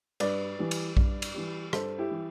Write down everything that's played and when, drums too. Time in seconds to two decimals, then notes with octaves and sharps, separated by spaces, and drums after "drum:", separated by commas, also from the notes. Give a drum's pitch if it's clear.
0.20 G2 B4 D5, drum: cymbal
0.59 E3 G3
0.71 drum: cymbal
0.97 G2, drum: kick A#1
1.22 drum: cymbal
1.34 E3 G3
1.73 G2 A4 C5, drum: rim click
1.98 E4 G4
2.11 E3 G3